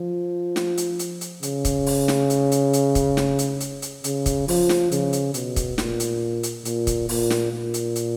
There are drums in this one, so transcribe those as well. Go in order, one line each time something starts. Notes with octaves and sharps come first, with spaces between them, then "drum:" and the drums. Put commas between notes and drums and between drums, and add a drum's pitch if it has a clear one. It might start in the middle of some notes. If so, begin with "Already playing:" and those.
Already playing: F3
drum: snare
drum: hi-hat
drum: hi-hat
drum: hi-hat
C#3, drum: hi-hat
drum: kick, hi-hat
drum: open hi-hat
drum: snare
drum: hi-hat
drum: hi-hat
drum: hi-hat
drum: kick, hi-hat
drum: snare
drum: hi-hat
drum: hi-hat
drum: hi-hat
C#3, drum: hi-hat
drum: kick, hi-hat
F3, drum: open hi-hat
drum: snare
C#3, drum: hi-hat
drum: hi-hat
B2, drum: hi-hat
drum: kick, hi-hat
A#2, drum: snare
drum: hi-hat
drum: hi-hat
A#2, drum: hi-hat
drum: kick, hi-hat
A#2, drum: open hi-hat
drum: snare
A#2
drum: hi-hat
drum: hi-hat